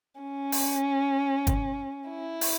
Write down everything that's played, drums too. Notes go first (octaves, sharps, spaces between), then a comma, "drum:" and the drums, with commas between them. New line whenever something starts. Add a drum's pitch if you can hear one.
C#4
drum: open hi-hat
drum: kick, hi-hat
E4
drum: open hi-hat